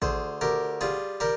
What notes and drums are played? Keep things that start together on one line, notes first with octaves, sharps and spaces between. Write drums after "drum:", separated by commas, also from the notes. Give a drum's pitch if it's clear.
D2 G#4 C5, drum: kick
D2 G4 A#4
G3 F4 G#4
G3 G4 A#4